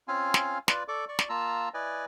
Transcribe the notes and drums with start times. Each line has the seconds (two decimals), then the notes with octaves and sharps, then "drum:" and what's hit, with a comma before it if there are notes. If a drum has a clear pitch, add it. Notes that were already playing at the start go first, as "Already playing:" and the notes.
0.08 C4 C#4 F4 F5 G#5
0.34 drum: snare
0.68 F4 B4 D5, drum: snare
0.88 A4 D5 C#6 D6
1.08 D5 C#6
1.19 drum: snare
1.29 A#3 F4 A5 A#5 E6
1.74 E4 B4 D5 D#5 G#5